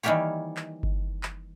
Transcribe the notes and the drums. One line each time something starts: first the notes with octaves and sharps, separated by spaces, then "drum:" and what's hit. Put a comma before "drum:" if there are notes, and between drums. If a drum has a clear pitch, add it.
D#3 E3 G3 A#3 G4 C#5
drum: clap
drum: kick G1
drum: clap